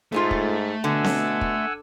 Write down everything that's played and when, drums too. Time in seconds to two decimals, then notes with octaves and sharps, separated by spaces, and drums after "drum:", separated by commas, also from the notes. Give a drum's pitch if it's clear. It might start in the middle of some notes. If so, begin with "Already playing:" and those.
0.12 G#2 A3 F4 G#4 A4
0.31 drum: kick
0.84 B2 D3 F#5 G#5 E6
1.04 drum: snare C4
1.41 drum: kick